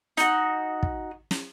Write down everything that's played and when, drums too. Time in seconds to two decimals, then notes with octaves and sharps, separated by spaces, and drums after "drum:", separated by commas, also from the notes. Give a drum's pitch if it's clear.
0.17 D#4 F#4, drum: hi-hat
0.83 drum: kick
1.31 drum: snare